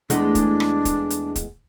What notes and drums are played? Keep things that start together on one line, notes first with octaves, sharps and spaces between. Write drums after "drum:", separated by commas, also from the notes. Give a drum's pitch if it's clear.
E2 G#3 A3 D4, drum: hi-hat
drum: kick, hi-hat
drum: rim click
drum: kick, hi-hat
drum: hi-hat
drum: kick, hi-hat